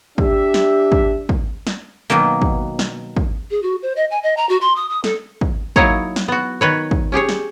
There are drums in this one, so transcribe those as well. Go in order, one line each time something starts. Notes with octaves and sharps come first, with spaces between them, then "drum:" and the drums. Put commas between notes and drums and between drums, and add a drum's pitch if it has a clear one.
D4 G4 E5, drum: kick
drum: snare
drum: kick
drum: kick
drum: snare
B2 D#3 F#3 A#3
drum: kick
drum: snare
drum: kick
G#4
F#4
C5
D#5
G#5
D#5
A#5
F#4
C6
D#6
D#6
A4, drum: snare
drum: kick
F#3 A#3 D#4 E4 C#5, drum: kick
drum: snare
B3 F#4
D#3 B4 C#5
drum: kick
C#4 G4 G#4 C#5
drum: snare